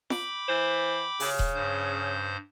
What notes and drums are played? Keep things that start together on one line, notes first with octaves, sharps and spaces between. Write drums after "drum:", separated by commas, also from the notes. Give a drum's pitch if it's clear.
G5 B5 D6, drum: snare F4
E3 C5
C#3, drum: open hi-hat
drum: kick D#1
G2 C5 G6